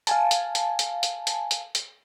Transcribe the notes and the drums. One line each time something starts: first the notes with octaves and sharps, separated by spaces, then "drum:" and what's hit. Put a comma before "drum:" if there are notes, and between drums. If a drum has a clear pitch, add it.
F5 G#5 A5, drum: hi-hat
drum: hi-hat
drum: hi-hat
drum: hi-hat
drum: hi-hat
drum: hi-hat
drum: hi-hat
drum: hi-hat